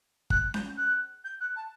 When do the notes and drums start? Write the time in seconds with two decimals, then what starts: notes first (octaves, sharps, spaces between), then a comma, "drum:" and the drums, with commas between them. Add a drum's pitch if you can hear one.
0.30 F#6, drum: kick
0.54 G6, drum: snare C#4
0.77 F#6
1.24 G6
1.40 F#6
1.55 A5